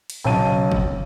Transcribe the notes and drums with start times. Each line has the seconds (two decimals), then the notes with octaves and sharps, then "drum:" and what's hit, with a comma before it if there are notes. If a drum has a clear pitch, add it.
0.10 drum: cymbal
0.25 B1 C#3 C#5 A5 D#7
0.72 drum: kick